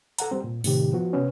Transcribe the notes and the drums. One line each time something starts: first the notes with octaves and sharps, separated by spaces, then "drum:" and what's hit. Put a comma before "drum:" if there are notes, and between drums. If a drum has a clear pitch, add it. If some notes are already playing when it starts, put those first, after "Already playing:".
A4 F#5 A#5, drum: hi-hat
G3 C4
A#2
A2 C3 D#3 G4, drum: open hi-hat
F3 B3 F#4
C3 B3 C#4